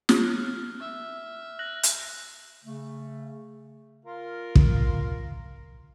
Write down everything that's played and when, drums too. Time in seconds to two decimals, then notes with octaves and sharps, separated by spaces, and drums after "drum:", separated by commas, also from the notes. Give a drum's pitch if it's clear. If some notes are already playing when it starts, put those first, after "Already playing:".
0.09 drum: snare
0.25 F6 F#6
0.80 E5
1.59 F#6 A#6 F#7
1.83 drum: hi-hat
2.65 C#3 A3
4.05 F4 A#4 F5
4.55 drum: kick